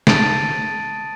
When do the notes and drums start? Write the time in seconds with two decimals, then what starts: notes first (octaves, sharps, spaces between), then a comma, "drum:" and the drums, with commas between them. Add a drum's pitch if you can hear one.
0.07 A5 D#6 A6 D7 D#7, drum: snare